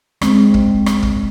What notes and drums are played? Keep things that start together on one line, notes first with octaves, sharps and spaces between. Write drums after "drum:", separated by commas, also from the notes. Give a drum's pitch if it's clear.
G#3 C4, drum: rim click
drum: kick
drum: rim click
drum: kick